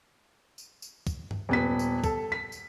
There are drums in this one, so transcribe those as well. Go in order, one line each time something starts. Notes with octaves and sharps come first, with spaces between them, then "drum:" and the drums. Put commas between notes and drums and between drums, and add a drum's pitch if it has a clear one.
drum: tambourine
drum: tambourine
drum: kick, tambourine
drum: tom G2
D#1 B3 B6
drum: tambourine
A4, drum: kick, tambourine
B6
drum: tambourine